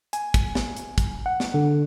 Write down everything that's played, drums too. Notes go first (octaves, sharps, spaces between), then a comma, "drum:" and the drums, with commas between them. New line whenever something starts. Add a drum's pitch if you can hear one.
G#5, drum: hi-hat
drum: kick, hi-hat
drum: snare
drum: hi-hat
drum: kick, hi-hat
F#5
drum: snare
D3